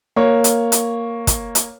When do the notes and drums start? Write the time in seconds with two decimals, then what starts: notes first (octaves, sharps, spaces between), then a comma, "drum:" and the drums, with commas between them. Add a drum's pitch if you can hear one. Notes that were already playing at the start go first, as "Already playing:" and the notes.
0.16 A#3 C#5
0.44 drum: hi-hat
0.72 drum: hi-hat
1.27 drum: kick, hi-hat
1.55 drum: hi-hat